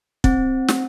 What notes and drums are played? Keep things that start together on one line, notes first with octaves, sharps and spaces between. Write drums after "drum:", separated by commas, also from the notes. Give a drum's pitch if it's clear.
C4, drum: kick
drum: snare